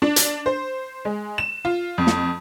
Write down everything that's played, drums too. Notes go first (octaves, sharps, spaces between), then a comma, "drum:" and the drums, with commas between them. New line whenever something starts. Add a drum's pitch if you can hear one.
D4
drum: hi-hat
C5
G#3
E7
F4
F2
drum: snare